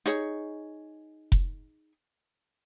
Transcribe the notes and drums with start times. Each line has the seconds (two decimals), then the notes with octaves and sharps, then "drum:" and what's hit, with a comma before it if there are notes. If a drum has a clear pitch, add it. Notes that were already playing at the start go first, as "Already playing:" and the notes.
0.06 D#4 G#4 C#5, drum: hi-hat
1.32 drum: kick F1